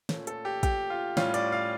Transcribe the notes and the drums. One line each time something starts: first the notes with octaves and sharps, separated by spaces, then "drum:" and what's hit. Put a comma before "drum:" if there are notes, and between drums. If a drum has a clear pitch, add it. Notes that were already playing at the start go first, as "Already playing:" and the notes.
A#2 A3 C#4, drum: snare
A4, drum: hi-hat
G4
G4, drum: kick, hi-hat
F4
A2 G3 C#4 F4, drum: snare
D5, drum: hi-hat
F5